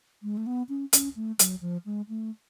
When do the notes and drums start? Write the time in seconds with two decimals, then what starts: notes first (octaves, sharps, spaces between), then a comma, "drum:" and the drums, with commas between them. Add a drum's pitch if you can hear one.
0.23 G#3
0.37 A3
0.46 B3
0.69 C#4
0.93 C#4, drum: hi-hat
1.16 A3
1.39 F#3, drum: hi-hat
1.61 F3
1.86 G#3
2.09 A3